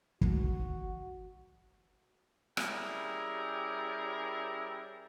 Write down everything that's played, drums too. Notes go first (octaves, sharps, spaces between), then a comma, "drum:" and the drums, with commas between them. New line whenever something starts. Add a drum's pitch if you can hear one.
F#4, drum: kick
G3 C#4 E4 G#4 A#4 D5, drum: rim click